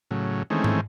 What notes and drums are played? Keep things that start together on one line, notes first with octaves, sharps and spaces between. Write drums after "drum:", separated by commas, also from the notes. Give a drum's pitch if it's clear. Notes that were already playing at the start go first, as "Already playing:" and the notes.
A2 C#3 F#3
D#3 E3 G#3 A3 C4 C#4
drum: tom G#2